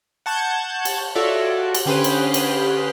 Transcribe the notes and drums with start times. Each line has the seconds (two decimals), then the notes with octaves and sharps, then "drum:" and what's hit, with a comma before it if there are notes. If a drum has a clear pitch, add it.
0.26 F#5 A5 C#6 G6 G#6
0.85 drum: cymbal
1.15 F4 F#4 A4 C#5 D5 E5
1.75 drum: cymbal
1.86 D3 C#4 G4 G#4 B4 C5
2.04 drum: cymbal
2.34 drum: cymbal